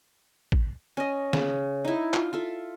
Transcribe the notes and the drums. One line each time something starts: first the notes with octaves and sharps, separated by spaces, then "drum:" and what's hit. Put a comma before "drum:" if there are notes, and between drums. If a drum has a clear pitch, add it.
drum: kick
C#4 D#5
C#3, drum: snare
D#4 E4
F4, drum: clap
F4 A4 E5